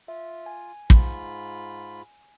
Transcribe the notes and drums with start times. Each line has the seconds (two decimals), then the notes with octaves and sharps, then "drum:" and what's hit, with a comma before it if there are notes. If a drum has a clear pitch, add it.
0.08 F4 E5
0.46 G#5
0.90 G#2 F4 B5, drum: kick